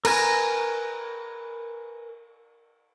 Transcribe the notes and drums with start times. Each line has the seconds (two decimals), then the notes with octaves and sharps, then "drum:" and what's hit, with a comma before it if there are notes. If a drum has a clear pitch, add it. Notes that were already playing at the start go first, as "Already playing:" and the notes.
0.05 A#4 B4 G#5 A#5, drum: cymbal